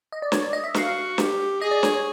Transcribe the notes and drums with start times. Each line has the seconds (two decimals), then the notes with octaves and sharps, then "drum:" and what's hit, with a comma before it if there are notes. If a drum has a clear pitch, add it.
0.12 D#5
0.22 D5
0.32 C#5, drum: snare
0.42 D5
0.53 D#5
0.64 E5
0.74 F#4 F5, drum: snare
1.18 G4, drum: snare
1.61 G#4 D#5
1.71 D5
1.83 C#5, drum: snare
1.94 C#5